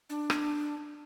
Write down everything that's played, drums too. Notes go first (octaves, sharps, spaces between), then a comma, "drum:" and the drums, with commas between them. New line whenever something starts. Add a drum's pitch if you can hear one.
D4
drum: rim click